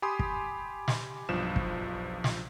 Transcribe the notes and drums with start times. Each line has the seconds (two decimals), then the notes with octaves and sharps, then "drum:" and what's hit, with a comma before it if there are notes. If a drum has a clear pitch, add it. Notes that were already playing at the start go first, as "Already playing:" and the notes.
0.02 G4 G#5 B5 C6 D#6
0.19 drum: kick
0.88 drum: snare
1.29 B1 G2 F3 E7
1.56 drum: kick
2.24 drum: snare